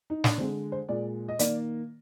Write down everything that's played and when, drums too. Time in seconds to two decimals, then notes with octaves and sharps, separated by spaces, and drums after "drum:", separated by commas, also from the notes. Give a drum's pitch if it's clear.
0.10 D#4
0.24 D4, drum: snare
0.38 D3 G#3 C4
0.72 C5
0.89 A#2 G#3 D5
1.28 D#5
1.39 D#3 A#3 D5, drum: hi-hat